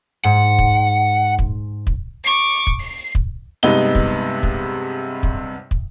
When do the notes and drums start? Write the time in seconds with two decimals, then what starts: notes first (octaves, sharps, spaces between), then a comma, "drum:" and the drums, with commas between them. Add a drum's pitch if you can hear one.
0.25 G#2 F#5
0.59 drum: kick
1.39 drum: kick
1.87 drum: kick
2.25 C#6 D6
2.67 drum: kick
2.80 C7
3.15 drum: kick
3.63 G2 C3 G#3 B3 D#4 G7
3.95 drum: kick
4.43 drum: kick
5.23 drum: kick
5.71 drum: kick